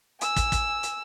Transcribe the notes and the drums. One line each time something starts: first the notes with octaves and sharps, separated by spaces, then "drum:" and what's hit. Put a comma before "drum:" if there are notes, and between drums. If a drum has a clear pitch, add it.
G#5 E6, drum: hi-hat
drum: kick, hi-hat
drum: kick, hi-hat
drum: hi-hat